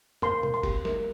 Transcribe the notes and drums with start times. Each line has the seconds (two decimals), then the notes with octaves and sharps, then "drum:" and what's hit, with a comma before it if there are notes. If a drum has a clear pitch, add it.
0.22 A#4 C6, drum: tom
0.43 A#4, drum: tom
0.54 C6
0.63 G4, drum: kick F#1, cymbal
0.85 A#4, drum: snare